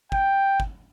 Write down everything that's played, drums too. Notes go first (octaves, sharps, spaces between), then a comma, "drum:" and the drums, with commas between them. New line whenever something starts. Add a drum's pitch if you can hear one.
G5, drum: kick
drum: kick